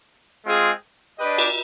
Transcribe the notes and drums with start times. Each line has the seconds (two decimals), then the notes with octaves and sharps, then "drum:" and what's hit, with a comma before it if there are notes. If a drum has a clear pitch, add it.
0.45 G#3 C4 F4 G#4
1.19 D4 G4 B4 D#5
1.38 drum: cymbal